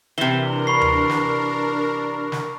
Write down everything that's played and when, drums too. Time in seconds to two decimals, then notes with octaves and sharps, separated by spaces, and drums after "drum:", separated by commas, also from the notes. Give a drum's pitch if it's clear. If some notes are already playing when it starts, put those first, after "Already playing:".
0.18 C3 E3 D4 A#4 G7
0.67 B5 C#6 C7
0.81 drum: tom D2
1.09 drum: snare
2.32 drum: snare